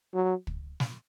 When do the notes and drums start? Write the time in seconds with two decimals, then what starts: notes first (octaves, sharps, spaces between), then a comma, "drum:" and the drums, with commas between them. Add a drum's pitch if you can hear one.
0.14 F#3
0.47 drum: kick
0.80 drum: snare